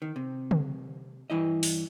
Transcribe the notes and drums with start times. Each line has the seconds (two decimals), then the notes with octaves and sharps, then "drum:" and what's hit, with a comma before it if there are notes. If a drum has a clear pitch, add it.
0.02 D#3
0.16 C3
0.51 drum: tom C#3
1.30 G2 E3 E4 D#5
1.63 drum: open hi-hat